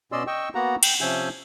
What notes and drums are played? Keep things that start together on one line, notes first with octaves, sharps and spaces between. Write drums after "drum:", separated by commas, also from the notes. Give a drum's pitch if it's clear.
B2 C#4 D5 D#5 C6 E6
D#5 G5 C#6 E6
A#3 B3 F#4 F#5 A#5
G5, drum: cymbal
C3 F3 C#4 E5 G#5 G6